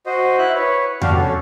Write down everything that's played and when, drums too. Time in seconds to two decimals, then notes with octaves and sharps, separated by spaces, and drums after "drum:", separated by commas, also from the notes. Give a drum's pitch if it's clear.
0.06 F#4 C5 D#5
0.39 E4 E5 F#6
0.55 B4 C#5
1.02 D4 F#4 G4 F5, drum: tom E2
1.16 C#4 A4